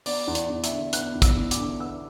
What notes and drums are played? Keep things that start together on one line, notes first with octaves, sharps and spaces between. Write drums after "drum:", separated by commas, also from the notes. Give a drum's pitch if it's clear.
B3 D5, drum: open hi-hat
E2
D5, drum: hi-hat
E2
E5, drum: hi-hat
D3
B3 F#6, drum: hi-hat
E2
E6, drum: kick, hi-hat
E2
D6, drum: hi-hat
D3
B3 E6